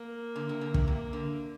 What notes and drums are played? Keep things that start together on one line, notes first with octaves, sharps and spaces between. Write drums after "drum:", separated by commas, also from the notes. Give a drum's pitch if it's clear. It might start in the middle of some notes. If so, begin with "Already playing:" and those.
Already playing: A#3
D3
C3
D3
C3, drum: kick
C3 A#3
D3